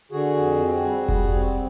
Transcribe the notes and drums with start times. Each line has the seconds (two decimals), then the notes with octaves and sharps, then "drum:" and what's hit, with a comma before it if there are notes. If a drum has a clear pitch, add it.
0.11 D3 F#4 G#4
0.36 F2
0.60 C4
0.84 G3
1.09 G3, drum: kick F1
1.32 C4